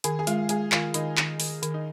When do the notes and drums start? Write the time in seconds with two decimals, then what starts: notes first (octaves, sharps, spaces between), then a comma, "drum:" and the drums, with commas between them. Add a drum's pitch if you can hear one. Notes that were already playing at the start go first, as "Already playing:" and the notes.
0.04 D#3 G#4, drum: hi-hat
0.19 G#4
0.27 G#3 F4, drum: hi-hat
0.49 G#3 G#4, drum: hi-hat
0.72 D#3 F4, drum: clap
0.94 D#3 D#4, drum: hi-hat
1.17 D#3, drum: clap
1.40 D#3, drum: open hi-hat
1.63 D#3, drum: hi-hat
1.74 D#4